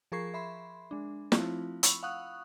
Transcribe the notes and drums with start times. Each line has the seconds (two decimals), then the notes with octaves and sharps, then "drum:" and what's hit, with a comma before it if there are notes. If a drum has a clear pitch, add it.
0.12 F3 G#4 A#4 C#6 G#6 C7
0.34 E5 B5 C6
0.91 G#3 D4
1.32 F3 A3 C4 E4 F4, drum: snare
1.83 B5 C#6 E6, drum: hi-hat
2.03 F5 F#5 C#6 D#6 F#6